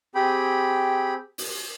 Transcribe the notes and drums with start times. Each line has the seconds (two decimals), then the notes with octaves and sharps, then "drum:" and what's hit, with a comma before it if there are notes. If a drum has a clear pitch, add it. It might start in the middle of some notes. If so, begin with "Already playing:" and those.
0.15 C4 G4 G#4 G5 B5
1.38 drum: open hi-hat